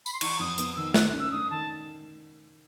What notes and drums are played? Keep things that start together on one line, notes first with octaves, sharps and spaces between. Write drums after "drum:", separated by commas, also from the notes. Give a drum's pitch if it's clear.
B5, drum: tambourine
C6
E3 C#6, drum: cymbal
F2 D#6
B3 D#6, drum: hi-hat
D#3 E6
D#3 F#6, drum: snare
C#4
E6
D4 D#6
D#3 A5